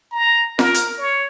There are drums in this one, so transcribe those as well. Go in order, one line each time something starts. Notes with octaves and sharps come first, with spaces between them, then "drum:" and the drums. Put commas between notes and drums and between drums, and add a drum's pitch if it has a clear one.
A#5
A#4, drum: snare F4
drum: hi-hat
C#5